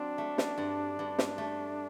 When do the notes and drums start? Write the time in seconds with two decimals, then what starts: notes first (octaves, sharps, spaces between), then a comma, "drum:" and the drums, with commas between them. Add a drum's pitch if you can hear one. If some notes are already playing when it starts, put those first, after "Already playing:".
Already playing: F#3 C4 D4
0.18 A3
0.38 drum: snare
0.58 G2
0.99 G2
1.18 drum: snare
1.38 A3